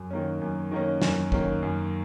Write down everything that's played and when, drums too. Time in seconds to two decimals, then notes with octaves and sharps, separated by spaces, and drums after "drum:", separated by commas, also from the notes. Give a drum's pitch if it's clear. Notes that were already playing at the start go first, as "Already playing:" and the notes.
Already playing: F#2
0.11 D#3 A#3 C#4
0.41 F#2
0.71 D#3 A#3 C#4
1.02 F#2, drum: snare
1.32 D#3 A#3 C#4, drum: kick
1.63 F#2